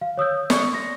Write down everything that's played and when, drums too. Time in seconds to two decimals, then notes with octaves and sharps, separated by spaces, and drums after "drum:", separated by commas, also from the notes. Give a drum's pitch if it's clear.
0.01 F5
0.17 C#5 D#6 E6 G6
0.50 D5 C#6 C#7, drum: snare
0.72 C6 A#6